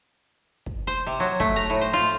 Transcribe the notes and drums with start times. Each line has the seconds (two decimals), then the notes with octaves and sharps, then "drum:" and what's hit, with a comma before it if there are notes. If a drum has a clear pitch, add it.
0.66 drum: kick
0.87 C5
1.07 C3
1.20 F#3
1.40 A3, drum: kick
1.56 A#5
1.70 A2
1.81 C5
1.93 F4